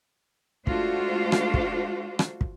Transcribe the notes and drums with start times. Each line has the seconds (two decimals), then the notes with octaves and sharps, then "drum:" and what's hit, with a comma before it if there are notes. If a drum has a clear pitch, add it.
0.67 G#3 A3 D4 F4 F#4 C5, drum: kick
1.32 drum: rim click
1.54 drum: kick
2.19 drum: rim click
2.41 drum: kick